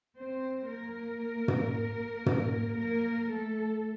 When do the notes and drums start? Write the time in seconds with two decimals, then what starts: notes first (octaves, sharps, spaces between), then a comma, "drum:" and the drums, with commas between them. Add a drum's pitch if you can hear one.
0.18 C4 C5
0.69 A#3 A#4
1.48 drum: tom
2.26 drum: tom
2.78 A#3 A#4
3.31 A3 A4